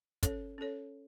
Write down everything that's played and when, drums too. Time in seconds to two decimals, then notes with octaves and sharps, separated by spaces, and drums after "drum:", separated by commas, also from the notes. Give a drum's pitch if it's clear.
0.23 C#4 A4 C#5, drum: kick, hi-hat
0.58 C#4 A4 C#5